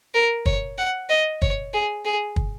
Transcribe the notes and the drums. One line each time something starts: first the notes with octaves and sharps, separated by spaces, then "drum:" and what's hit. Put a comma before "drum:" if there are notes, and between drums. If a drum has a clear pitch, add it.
A#4
C#5, drum: kick
F#5
D#5
C#5, drum: kick
G#4
G#4
drum: kick